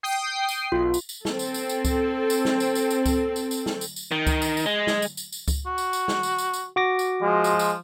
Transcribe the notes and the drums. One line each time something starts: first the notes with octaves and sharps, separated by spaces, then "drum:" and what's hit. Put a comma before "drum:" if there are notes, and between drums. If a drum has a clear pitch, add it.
G5 D#6 C7
drum: tambourine
B1 F4
drum: tambourine
drum: tambourine
C4 A4, drum: snare
drum: tambourine
drum: tambourine
drum: tambourine
drum: kick C#2, tambourine
drum: tambourine
drum: snare
drum: tambourine
drum: tambourine
drum: tambourine
drum: kick C#2, tambourine
drum: tambourine
drum: tambourine
drum: snare
drum: tambourine
drum: tambourine
D#3
drum: kick C#2, tambourine
drum: tambourine
drum: tambourine
G#3
drum: snare
drum: tambourine
drum: tambourine
drum: tambourine
drum: kick C#2, tambourine
F#4
drum: tambourine
drum: tambourine
drum: snare
drum: tambourine
drum: tambourine
drum: tambourine
F#4 D6 A#6
drum: tambourine
F3 G#3
drum: tambourine
drum: tambourine